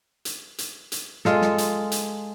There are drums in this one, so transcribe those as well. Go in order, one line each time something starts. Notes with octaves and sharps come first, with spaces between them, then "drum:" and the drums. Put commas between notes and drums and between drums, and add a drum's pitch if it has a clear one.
drum: hi-hat
drum: hi-hat
drum: hi-hat
G#3 F4 A4, drum: snare
drum: snare
drum: hi-hat
drum: hi-hat